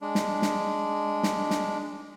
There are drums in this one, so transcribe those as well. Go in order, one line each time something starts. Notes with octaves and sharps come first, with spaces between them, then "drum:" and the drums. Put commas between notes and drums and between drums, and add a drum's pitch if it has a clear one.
G#3 D4
drum: snare
drum: snare
drum: snare
drum: snare